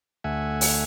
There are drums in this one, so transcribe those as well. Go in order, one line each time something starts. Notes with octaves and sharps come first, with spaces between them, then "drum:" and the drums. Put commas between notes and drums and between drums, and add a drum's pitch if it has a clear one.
D2 A3 E5 F#5 G#5
drum: open hi-hat